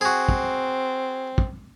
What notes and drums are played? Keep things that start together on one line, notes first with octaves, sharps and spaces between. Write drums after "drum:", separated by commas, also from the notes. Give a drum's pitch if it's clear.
C4 F#4 G#4
drum: kick
drum: kick